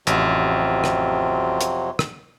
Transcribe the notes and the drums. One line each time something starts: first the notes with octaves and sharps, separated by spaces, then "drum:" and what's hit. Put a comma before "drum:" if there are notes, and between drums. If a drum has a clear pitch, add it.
A1 F2 C3 F#3, drum: hi-hat
drum: rim click
drum: hi-hat
drum: rim click